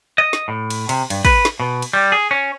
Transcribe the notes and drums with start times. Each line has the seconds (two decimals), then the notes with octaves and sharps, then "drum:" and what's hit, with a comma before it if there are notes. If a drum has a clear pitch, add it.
0.18 D#5
0.33 drum: snare
0.48 A2
0.70 drum: cymbal
0.89 C3, drum: cymbal
1.10 G2, drum: cymbal
1.25 B4, drum: kick, cymbal
1.45 drum: snare
1.60 B2
1.82 drum: cymbal
1.93 G3
2.12 G#4
2.31 C#4